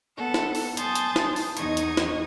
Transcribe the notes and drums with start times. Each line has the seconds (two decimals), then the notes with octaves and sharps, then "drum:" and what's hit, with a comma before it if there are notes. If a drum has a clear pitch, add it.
0.16 B3 A4 F#5
0.34 drum: snare
0.55 drum: open hi-hat
0.77 G#5 A5 C6 D#6 G6 A6, drum: hi-hat
0.95 drum: hi-hat
1.16 drum: snare
1.36 drum: open hi-hat
1.57 E2 D#4 D#5 C#6 D#6 G#6, drum: hi-hat
1.77 drum: hi-hat
1.97 drum: snare